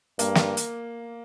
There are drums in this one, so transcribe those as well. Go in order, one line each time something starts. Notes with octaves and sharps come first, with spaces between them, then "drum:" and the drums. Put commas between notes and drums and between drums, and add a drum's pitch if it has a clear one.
G2 A#3, drum: hi-hat
drum: snare
drum: hi-hat